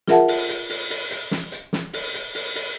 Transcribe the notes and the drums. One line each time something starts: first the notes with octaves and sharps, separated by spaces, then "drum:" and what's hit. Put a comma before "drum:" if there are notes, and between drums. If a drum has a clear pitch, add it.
F4 G#4 A#4 E5 F#5 A5, drum: snare
drum: open hi-hat
drum: hi-hat
drum: open hi-hat
drum: open hi-hat
drum: hi-hat
drum: snare
drum: hi-hat
drum: snare
drum: open hi-hat
drum: hi-hat
drum: open hi-hat
drum: open hi-hat